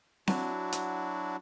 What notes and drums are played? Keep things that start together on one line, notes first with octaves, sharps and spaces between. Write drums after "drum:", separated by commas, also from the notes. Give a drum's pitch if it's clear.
F#3 D4 E4 F#4, drum: snare C4
drum: hi-hat